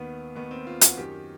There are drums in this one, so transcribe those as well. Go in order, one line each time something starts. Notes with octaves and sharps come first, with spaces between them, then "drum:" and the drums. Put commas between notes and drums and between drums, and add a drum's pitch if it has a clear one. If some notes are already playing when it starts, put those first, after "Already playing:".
Already playing: D#2 D#3 B3
D#2 D#3 B3
C4
F4
F#4, drum: hi-hat
F#2 D#3 G4